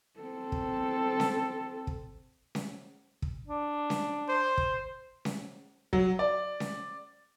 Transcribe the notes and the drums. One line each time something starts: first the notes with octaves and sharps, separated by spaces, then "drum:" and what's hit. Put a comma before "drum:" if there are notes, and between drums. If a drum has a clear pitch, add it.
C4 A4
drum: kick
drum: snare C#4
drum: kick
drum: snare C#4
drum: kick
D4
drum: snare C#4
C5
drum: kick
drum: snare C#4
F#3, drum: kick
D5
drum: snare C#4